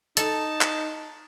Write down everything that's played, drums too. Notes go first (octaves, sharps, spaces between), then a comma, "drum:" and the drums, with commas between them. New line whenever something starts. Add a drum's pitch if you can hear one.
D#4 A4 A5, drum: hi-hat
drum: clap